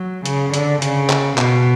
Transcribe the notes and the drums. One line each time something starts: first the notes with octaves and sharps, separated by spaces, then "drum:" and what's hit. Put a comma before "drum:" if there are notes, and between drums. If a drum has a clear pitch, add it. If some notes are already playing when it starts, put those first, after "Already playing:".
Already playing: F#3
C#3, drum: hi-hat
D3, drum: hi-hat
C#3, drum: hi-hat
drum: clap
B2, drum: clap